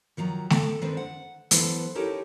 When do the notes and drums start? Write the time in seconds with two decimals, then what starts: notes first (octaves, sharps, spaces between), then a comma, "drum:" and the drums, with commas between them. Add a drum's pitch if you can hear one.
0.17 D#3 F3 F#3 A#5
0.50 A4, drum: snare A3
0.82 D#3 G#3 C4 D4 A4 B4
0.97 F#5
1.51 E3 F#3 B3 A4 B4 C5, drum: hi-hat
1.95 D#4 E4 G4 A4 A#4 C#5